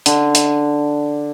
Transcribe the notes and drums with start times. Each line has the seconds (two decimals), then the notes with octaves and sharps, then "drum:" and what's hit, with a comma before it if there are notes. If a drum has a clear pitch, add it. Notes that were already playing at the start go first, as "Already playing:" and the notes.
0.06 D3, drum: hi-hat
0.35 drum: hi-hat